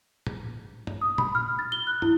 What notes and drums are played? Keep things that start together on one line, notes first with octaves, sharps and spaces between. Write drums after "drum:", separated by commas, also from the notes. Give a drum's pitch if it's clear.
drum: tom
drum: tom
D#6
B5, drum: tom
F6
A6
G7
F#6
E4, drum: tom